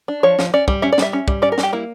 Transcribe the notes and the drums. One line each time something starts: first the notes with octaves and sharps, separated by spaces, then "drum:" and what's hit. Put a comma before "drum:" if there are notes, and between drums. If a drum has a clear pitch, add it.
D4
F3 C#5
F3, drum: snare
C#4 D5
G3, drum: kick
C#4 E5
D5
G3 E5, drum: snare
C#4
G3, drum: kick
C#4 D5
A#4
G3, drum: snare
G4
A#3 E4